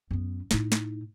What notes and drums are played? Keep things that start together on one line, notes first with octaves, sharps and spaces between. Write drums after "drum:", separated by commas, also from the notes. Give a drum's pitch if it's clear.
F#2 B3
A2 D#4, drum: snare
drum: snare